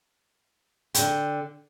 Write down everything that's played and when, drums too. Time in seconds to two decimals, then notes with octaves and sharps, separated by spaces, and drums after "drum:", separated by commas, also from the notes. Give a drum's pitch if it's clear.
0.94 D3 G5, drum: hi-hat